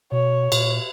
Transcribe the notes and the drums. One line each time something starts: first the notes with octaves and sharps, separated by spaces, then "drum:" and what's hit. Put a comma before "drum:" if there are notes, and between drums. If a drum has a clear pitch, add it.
B2 C#5
A#2, drum: cymbal